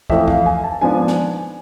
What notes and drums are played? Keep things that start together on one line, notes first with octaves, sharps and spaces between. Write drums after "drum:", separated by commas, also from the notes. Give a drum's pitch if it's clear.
F2 E3 A3 E5, drum: kick
F5, drum: kick
G#5
A5
G#2 F3 B3 D4 G#5
drum: snare